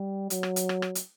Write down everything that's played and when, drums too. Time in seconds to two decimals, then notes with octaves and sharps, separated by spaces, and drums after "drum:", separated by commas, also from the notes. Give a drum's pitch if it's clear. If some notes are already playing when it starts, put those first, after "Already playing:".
Already playing: G3
0.30 F#3, drum: hi-hat
0.43 drum: rim click
0.56 drum: hi-hat
0.69 drum: rim click
0.82 drum: rim click
0.95 drum: hi-hat